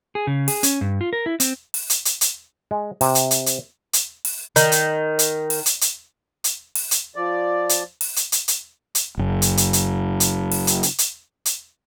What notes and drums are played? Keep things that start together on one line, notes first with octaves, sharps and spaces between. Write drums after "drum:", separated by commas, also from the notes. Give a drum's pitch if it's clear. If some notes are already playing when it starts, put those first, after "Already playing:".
G#4
C#3
G#4, drum: open hi-hat
C#4, drum: hi-hat
G2
F4
A#4
E4
C4, drum: hi-hat
drum: open hi-hat
drum: hi-hat
drum: hi-hat
drum: hi-hat
G#3
C3, drum: open hi-hat
drum: hi-hat
drum: hi-hat
drum: hi-hat
drum: hi-hat
drum: open hi-hat
D#3, drum: hi-hat
drum: hi-hat
drum: hi-hat
drum: open hi-hat
drum: hi-hat
drum: hi-hat
drum: hi-hat
drum: open hi-hat
drum: hi-hat
F3 D5
drum: hi-hat
drum: open hi-hat
drum: hi-hat
drum: hi-hat
drum: hi-hat
drum: hi-hat
F#1 F#2
drum: hi-hat
drum: hi-hat
drum: hi-hat
drum: hi-hat
drum: open hi-hat
drum: hi-hat
drum: hi-hat
drum: hi-hat
drum: hi-hat